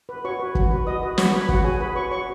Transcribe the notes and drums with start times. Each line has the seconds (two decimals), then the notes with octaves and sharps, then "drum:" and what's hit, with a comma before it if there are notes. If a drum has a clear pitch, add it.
0.09 B4
0.25 F#4 C#5 C#6
0.40 B4
0.55 F#4, drum: kick F#1
0.71 B4
0.87 F#4 D#5 D#6
1.03 B4
1.18 F#4 C#5 C#6, drum: snare
1.33 B4 C#5 B5
1.49 F#4 F#5, drum: kick F#1
1.64 G#4 C#5 G#5
1.80 F#4 B4 B5
1.95 C#5 C#6
2.11 F#4 C#5 C#6